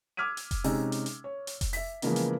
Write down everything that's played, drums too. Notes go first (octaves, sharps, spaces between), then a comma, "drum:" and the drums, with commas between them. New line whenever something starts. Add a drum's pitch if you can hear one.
D6 E6 F6 G#6 B6 D#7
drum: hi-hat
drum: kick F1, hi-hat
C3 G#3 C#4 D#4, drum: open hi-hat
drum: hi-hat
drum: hi-hat
C#5
drum: hi-hat
drum: kick F1, hi-hat
E5 B6, drum: open hi-hat
C#3 E3 F3 G#3 A#3 B3, drum: hi-hat
drum: hi-hat